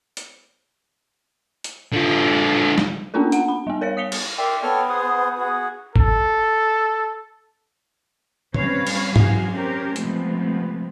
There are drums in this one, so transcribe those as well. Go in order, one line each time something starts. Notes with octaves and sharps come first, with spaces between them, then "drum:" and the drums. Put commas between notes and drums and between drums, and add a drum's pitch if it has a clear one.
drum: hi-hat
drum: hi-hat
D3 F4
drum: snare
A#3 B3 C#4 D4 F4 A#4
F#5, drum: hi-hat
B5
G3 B3
A#4 C#5 F5 A#6
D#6 B6 C#7 F7 G7
drum: cymbal
A#4 D5 E5 G5 C6
B3 A4 C#5 G5 F6
G#4 C5 F#5 D#6
F#4 G#4
A4, drum: kick
G3 C4 C#4 B4 C#5 F5, drum: tom
drum: cymbal
F#2 C3 E3 F#4 G#4 F5, drum: tom
C4 C#4 G4 A#4 C5
C3 F3 G#3 A3 B3 C4, drum: hi-hat